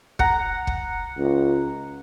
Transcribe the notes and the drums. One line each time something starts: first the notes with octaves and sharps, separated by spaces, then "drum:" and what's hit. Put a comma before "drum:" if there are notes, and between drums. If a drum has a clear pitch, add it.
F#5 A#5, drum: kick
drum: kick
C#2